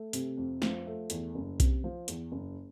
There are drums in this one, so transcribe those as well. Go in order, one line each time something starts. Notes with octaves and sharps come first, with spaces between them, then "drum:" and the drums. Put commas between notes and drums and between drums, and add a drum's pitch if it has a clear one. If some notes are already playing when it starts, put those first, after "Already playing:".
Already playing: A3
C3, drum: hi-hat
F2
F3, drum: snare
A3
E2, drum: hi-hat
F#1
C3, drum: kick B1, hi-hat
F3
E2, drum: hi-hat
F#1